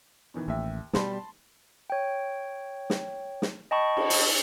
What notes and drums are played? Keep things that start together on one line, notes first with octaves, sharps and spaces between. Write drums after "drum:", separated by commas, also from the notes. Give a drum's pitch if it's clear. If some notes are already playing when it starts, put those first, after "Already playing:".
B2 D#3 E3
A1 D#2 E5
B2 G3 A5 B5 C6, drum: snare
C#5 G5
drum: snare
drum: snare
D#5 G5 A5 B5 C#6
drum: cymbal
drum: open hi-hat